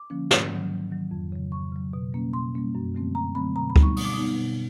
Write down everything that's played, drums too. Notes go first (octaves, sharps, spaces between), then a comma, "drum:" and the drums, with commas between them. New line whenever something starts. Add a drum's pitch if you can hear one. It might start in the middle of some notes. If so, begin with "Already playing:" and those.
Already playing: D6
D3 F3 A#3 C#4
G#2, drum: snare
D#3 F#3
G#2
D#3 F#3
F2
C#3 F#3
F2 C#6
C#3 F#3
B2
G3 A#3 C#4
B2 C6
G3 A#3 C#4
F#2
D3 F#3 A3 C4
F#2 A#5
D3 F#3 A3 C4 B5
B2 A#5
B5
G3 B3 D#4, drum: kick D2
C#6
B2 D#6, drum: open hi-hat
D6
G3 B3 D#4 D#6
B2